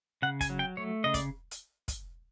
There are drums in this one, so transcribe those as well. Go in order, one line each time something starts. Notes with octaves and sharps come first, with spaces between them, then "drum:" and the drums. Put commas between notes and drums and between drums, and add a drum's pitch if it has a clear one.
C#3 F#5
G#5, drum: kick, hi-hat
F#3
G5
A3 C#5
C#3 D#5
D5, drum: kick, hi-hat
drum: hi-hat
drum: kick, hi-hat